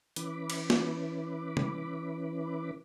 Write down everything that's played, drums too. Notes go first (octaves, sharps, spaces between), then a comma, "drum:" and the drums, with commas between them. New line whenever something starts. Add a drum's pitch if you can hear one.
E3 C#4 E4 B4 B5 D6, drum: hi-hat
drum: cymbal
drum: snare
drum: tom